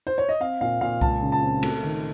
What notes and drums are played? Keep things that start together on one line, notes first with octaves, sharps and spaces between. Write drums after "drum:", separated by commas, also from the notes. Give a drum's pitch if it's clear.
C5
C#5
D#5
C4 F5
A#2 F5
A#2 F5
C#2 A5, drum: kick C2
C#3
A5
C4
A3, drum: cymbal
D#3